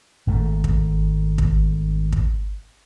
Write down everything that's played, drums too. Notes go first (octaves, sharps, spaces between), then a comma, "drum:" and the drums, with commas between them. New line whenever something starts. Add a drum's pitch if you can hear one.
G#1 G#2 D#3 A3
drum: kick
drum: kick
drum: kick